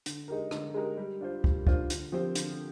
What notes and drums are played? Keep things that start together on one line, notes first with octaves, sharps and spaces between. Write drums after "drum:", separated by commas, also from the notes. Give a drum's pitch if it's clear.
D3, drum: hi-hat
G#3 D#4 G4 A#4
D3, drum: rim click
G#3 D#4 G4 A#4
G3
D4 F4 C5
G3, drum: kick
D4 F4 C5, drum: kick
D3, drum: hi-hat
F3 C4 G4 C5
D3, drum: hi-hat